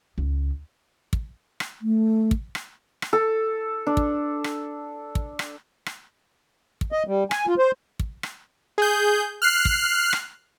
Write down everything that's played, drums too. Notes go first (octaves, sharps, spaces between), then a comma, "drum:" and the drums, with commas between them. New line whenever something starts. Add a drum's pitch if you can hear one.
C#2
drum: kick
drum: rim click
A3
drum: kick
drum: rim click
drum: rim click
A4
D4
drum: kick
drum: rim click
drum: kick
drum: rim click
drum: rim click
drum: kick
D#5
G3
G#5, drum: rim click
F4
C5
drum: kick
drum: rim click
G#4 G6
F6 F#6 C7
drum: kick
drum: rim click